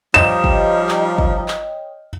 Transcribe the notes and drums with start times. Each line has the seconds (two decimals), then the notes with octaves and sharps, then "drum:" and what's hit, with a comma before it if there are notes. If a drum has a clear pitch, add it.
0.14 F3 G3 D#4 C#5 D#5 G5 E7
0.44 drum: kick
0.89 drum: clap
1.18 drum: kick
1.48 drum: clap